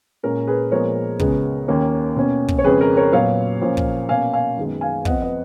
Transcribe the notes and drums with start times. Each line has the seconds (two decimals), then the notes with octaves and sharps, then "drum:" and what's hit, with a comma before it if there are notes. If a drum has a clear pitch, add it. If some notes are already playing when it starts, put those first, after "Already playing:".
0.23 A#2 G#3 C#4 A#4
0.47 G#4 B4
0.72 A#2 F3 G#3 B3 A#4 C#5
1.19 C#2 C#3 G#3 B3, drum: kick
1.68 D#2 D#3 A#3 C#4
2.16 B2 A#3 C#4
2.48 drum: kick
2.58 C#5
2.64 F2 C#3 G#3 C#4 G#4 B4
2.81 A#4
2.97 A#4 C#5
3.12 A#2 F#3 B3 C#5 F5
3.61 A#2 F3 A#3 C#4
3.77 drum: kick
4.09 B2 A#3 C#4 F5 G#5
4.33 F5 G#5
4.57 F#2 D#3 G#3 B3
4.81 F5 G#5
5.05 F2 F3 B3 D#5 F#5, drum: kick
5.21 B4 D#5